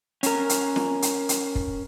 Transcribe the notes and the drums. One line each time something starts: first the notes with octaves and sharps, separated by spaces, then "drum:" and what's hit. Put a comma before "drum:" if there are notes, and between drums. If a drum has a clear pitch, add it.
C#4 A#4, drum: hi-hat
drum: hi-hat
drum: snare
drum: hi-hat
drum: hi-hat
drum: kick